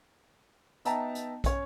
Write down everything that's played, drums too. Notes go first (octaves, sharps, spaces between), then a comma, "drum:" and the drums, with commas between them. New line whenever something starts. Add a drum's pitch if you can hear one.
B3 D#4 E5 G5 A5 A#5, drum: hi-hat
drum: hi-hat
C#4 C#5, drum: kick, hi-hat